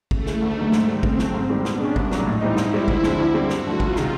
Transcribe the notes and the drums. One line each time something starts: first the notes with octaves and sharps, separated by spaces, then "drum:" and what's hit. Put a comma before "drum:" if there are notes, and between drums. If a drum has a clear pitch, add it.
C#3 A3, drum: kick
E3 G#3, drum: snare
D2
D3 F#3 A#3 D#4
G#2 C4, drum: snare
D#3 G3
C#3 C4, drum: kick
F#3 A3, drum: snare
G#2
D#3 G3 C4
B2 D4, drum: snare
G#3 C#4
C2, drum: kick
A#2 F#3, drum: snare
A2 D#4
E3 G3 C4 D#4
G#2 E4, drum: snare
E3 G3 C4
D2, drum: kick
D3 F3 G#3 C4, drum: snare
D2
D3 G3 C4
G2 F#4, drum: snare
D3 F3 A3
C#2 F4, drum: kick
C3 D#3 G#3, drum: snare